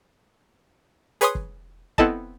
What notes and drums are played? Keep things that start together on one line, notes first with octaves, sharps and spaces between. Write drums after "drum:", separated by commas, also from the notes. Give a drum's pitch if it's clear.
G#4 B4 C#5 G#5 C6 D#6, drum: hi-hat
drum: kick
B3 C4 E4 A4 D#5 A5, drum: kick